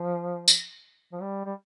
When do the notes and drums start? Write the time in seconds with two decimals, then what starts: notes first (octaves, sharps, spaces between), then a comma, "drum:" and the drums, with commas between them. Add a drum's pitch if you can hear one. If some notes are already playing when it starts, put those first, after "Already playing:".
Already playing: F3
0.48 drum: tambourine
1.12 F3
1.21 G3
1.45 G3